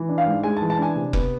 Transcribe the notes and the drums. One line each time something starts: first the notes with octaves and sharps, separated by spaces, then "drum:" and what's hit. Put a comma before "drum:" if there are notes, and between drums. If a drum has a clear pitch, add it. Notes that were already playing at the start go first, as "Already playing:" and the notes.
Already playing: E3
D4
F5
G#2
G#3 G#5
A5
E3
A5
D4 G#5
C3
B3, drum: kick F1